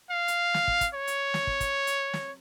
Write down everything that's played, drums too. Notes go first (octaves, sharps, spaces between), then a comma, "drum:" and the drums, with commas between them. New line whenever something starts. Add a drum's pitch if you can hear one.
F5
drum: hi-hat
drum: snare
drum: kick
drum: kick, hi-hat
C#5
drum: hi-hat
drum: snare
drum: kick
drum: kick, hi-hat
drum: hi-hat
drum: snare